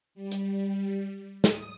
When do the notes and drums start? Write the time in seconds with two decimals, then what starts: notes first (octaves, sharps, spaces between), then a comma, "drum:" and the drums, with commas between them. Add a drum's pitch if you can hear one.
0.15 G3
0.32 drum: hi-hat
1.44 D#6, drum: snare